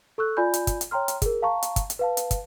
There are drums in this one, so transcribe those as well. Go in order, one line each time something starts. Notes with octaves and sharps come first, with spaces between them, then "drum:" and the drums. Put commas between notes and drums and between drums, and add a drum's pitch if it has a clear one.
A4 C#6 E6 F#6
F4 D5 G#5 B5 G6
drum: hi-hat
drum: kick, hi-hat
drum: hi-hat
C#5 G5 A#5 C6 F6
drum: hi-hat
G#4 A#4, drum: kick, hi-hat
F5 A5 A#5 C#6
drum: hi-hat
drum: kick, hi-hat
drum: hi-hat
B4 F5 A5
drum: hi-hat
drum: kick, hi-hat